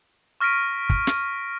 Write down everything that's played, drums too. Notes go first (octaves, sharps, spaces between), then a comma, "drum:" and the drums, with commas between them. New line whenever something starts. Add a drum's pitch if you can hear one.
C#6 F6 A#6 B6 D7 D#7
drum: kick
drum: snare